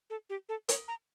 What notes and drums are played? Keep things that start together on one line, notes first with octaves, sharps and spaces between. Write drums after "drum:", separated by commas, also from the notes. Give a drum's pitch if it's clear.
A4
G4
A4
C#5, drum: hi-hat
A#5